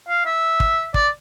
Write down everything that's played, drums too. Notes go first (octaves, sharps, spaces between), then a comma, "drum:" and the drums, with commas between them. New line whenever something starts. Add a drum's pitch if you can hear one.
F5
E5
drum: kick
D5, drum: kick